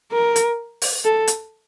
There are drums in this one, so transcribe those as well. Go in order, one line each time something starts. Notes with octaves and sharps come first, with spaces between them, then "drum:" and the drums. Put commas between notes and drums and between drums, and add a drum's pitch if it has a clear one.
A#4
drum: hi-hat
drum: open hi-hat
A4
drum: hi-hat